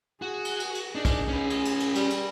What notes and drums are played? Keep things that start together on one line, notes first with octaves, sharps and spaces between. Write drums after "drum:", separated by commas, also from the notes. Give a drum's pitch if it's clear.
F#4 G#4
drum: cymbal
drum: cymbal
drum: cymbal
D4 D#4 G#4
drum: kick, cymbal
C#4 B4
drum: cymbal
drum: cymbal
drum: cymbal
G3, drum: cymbal
drum: cymbal